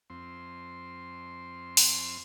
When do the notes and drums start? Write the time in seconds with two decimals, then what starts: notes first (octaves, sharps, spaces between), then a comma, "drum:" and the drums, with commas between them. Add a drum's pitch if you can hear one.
0.10 F2 C4 C6
1.77 drum: open hi-hat